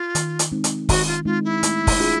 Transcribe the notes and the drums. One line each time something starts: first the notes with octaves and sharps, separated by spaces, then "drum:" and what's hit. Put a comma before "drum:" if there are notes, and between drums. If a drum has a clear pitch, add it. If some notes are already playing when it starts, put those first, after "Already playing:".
Already playing: F4
D#3, drum: hi-hat
drum: hi-hat
G#3 C4 D#4
drum: hi-hat
D#3 F#4, drum: kick, open hi-hat
F4
G#3 C4 D#4 F4
E4
A3, drum: hi-hat
drum: kick, open hi-hat
D4 F4 G#4